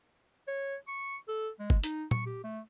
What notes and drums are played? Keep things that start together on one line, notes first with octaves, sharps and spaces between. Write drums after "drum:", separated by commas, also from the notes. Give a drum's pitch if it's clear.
C#5
C#6
A4
G#3
drum: kick
D#4, drum: hi-hat
C#6, drum: tom A#2
G4
A3